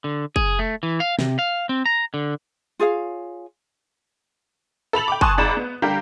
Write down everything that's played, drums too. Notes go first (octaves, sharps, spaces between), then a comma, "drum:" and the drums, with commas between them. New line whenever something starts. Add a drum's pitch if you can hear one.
D3
G#4, drum: kick
A3
E3
F5
C3, drum: snare
F5
C4
A#5
D3
F4 G#4 C#5 F5
A4 B5 F7 F#7
G5 B5 D6
G#5 A5 C6 C#6 D#6 F#6, drum: kick
G#1 G#2 D5 A#5 B5 E7
B3
D3 G3 G4 A#4 F5